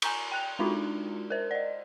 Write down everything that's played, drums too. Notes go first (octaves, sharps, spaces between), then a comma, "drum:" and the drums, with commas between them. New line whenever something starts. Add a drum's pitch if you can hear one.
G#5 A#5 C#6 G6, drum: cymbal
G5 F#6 F7
G#3 D4 D#4 F4 F#4
A#4 C5
D5 D#5